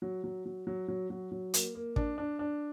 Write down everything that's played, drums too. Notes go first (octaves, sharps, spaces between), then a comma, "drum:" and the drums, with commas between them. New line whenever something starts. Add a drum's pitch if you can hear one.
F#3
F#3
F#3
F#3
F#3
F#3
F#3
A#3, drum: hi-hat
A#3
D4, drum: kick
D4
D4